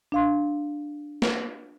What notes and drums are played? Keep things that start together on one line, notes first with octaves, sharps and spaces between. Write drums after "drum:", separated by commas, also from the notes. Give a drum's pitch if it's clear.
D4 F5 C6
drum: snare